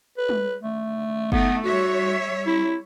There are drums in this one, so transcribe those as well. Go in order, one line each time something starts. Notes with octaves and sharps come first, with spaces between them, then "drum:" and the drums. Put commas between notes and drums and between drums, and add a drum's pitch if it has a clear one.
B4
drum: tom G3
A3
A3 B3 D#4, drum: kick F#1
G3 F#4 C#5 E5
E4